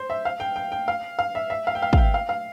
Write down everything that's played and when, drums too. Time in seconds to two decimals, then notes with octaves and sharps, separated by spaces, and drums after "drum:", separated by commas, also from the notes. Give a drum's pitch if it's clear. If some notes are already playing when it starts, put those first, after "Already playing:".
Already playing: C5
0.10 E5
0.25 F5
0.40 G5
0.56 G5
0.72 G5
0.88 F5
1.19 F5
1.35 E5
1.50 E5
1.67 F5
1.75 G5
1.82 F5
1.93 F5, drum: kick
1.97 G5
2.14 F5
2.29 F5